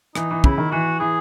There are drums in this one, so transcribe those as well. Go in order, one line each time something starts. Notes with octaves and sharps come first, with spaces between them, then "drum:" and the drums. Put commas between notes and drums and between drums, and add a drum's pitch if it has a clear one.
E3 D#4, drum: rim click
E3
C#3 E4, drum: kick
D#3
E3 F#4
E3 G#4